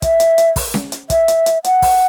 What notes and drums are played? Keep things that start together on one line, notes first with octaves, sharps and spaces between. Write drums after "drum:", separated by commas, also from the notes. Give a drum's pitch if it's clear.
E5, drum: kick, hi-hat
drum: hi-hat
drum: hi-hat
drum: kick, open hi-hat
drum: snare C#4
drum: hi-hat
E5, drum: kick, hi-hat
drum: hi-hat
drum: hi-hat
F#5, drum: hi-hat
drum: kick, open hi-hat